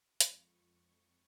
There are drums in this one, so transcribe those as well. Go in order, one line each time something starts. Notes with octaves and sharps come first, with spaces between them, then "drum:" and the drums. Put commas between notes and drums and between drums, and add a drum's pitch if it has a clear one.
F2 G#3 F4 B5 C#6, drum: hi-hat